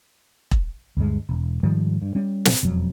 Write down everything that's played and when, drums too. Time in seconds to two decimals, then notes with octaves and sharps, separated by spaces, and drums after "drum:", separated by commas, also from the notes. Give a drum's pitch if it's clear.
0.51 drum: kick E1
0.97 D2 G2 G#3
1.29 E1
1.63 G#2 D#3 F3 G3
2.02 G2
2.15 G3 C#4
2.45 drum: snare
2.63 E1 F2 F#3